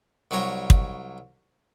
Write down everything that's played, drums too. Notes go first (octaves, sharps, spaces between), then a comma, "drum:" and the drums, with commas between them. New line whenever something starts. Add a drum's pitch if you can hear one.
C2 F#3 G3 C#5 A#5
drum: kick